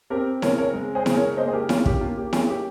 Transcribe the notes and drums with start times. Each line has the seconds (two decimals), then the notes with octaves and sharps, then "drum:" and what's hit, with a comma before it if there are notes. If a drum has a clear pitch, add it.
0.10 C4 G4 A#4
0.42 C#3 A#4 C#5, drum: snare E4
0.58 A#4 C#5
0.74 G#3
0.95 G#4 C5
1.06 C#3, drum: snare E4
1.16 A#4 C#5
1.37 A#3 C5 D#5
1.48 G#4
1.53 G4 A#4
1.69 C#4 F4 G#4, drum: snare E4
1.86 G4, drum: kick
2.01 A#3 F4
2.17 G4
2.33 C#4 F4 G#4, drum: snare E4
2.49 G4